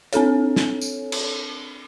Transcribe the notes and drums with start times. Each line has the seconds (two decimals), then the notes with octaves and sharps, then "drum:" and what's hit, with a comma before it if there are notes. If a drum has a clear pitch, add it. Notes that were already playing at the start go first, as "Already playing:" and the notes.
0.13 C4 D4 A4 C#5, drum: hi-hat
0.56 drum: snare
0.81 drum: tambourine
1.12 drum: cymbal